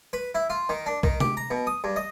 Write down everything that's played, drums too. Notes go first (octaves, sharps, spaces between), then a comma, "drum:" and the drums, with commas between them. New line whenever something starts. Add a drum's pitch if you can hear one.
B4
E4
F4
D#3
D4
D#3, drum: kick
G4, drum: tom C3
A#5
B2
D#6
G2
D#5